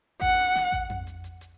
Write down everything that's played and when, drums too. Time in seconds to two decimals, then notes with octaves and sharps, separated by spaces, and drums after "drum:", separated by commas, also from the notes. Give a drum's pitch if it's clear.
0.22 F#5, drum: kick A1, hi-hat
0.38 drum: hi-hat
0.55 drum: snare
0.72 drum: kick A1, hi-hat
0.90 drum: tom F2
1.07 drum: hi-hat
1.24 drum: hi-hat
1.41 drum: hi-hat